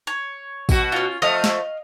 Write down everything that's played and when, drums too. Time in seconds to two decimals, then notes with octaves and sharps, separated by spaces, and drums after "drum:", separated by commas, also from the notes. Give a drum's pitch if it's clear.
0.07 C#5
0.69 B2 F#4, drum: kick, tambourine
0.92 C#4 F4
1.22 F3 A3 D#5 F5 D#6
1.44 drum: snare